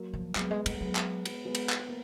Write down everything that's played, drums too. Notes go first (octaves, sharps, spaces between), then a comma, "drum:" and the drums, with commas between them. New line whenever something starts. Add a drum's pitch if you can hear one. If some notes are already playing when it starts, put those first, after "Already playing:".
Already playing: F#3 A#3
F3
F#3 G#3 B3, drum: clap
G#3
G#3, drum: cymbal
F#3 G#3 B3
drum: clap
B3, drum: cymbal
G#3 B3
drum: cymbal
drum: clap
B3
A#3